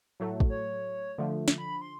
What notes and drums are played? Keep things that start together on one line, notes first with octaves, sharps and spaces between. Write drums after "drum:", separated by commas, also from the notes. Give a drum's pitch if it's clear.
A2 F#3 A3
drum: kick
C#5
D3 F3 A3
drum: snare
B5
C6